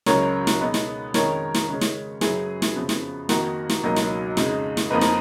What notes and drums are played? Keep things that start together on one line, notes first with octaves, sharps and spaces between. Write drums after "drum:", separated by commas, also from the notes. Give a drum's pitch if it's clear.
C#2 C#3 F#3 C#4 A#4 C#5, drum: snare
drum: snare
B2 G#3 B3 D#4
drum: snare
F2 D#3 G#3 C#4 A#4 C#5, drum: snare
drum: snare
C#3 G#3 C#4
drum: snare
F#2 C#3 F#3 C#4 G#4 B4, drum: snare
drum: snare
F2 C#3 F3 B3
drum: snare
F2 D#3 A#3 F#4 A#4, drum: snare
drum: snare
C#2 B2 F#3 A#3 D#4
drum: snare
F2 C#3 G#3 D#4, drum: snare
drum: snare
F2 F3 A#3 D#4 B4
A#4, drum: snare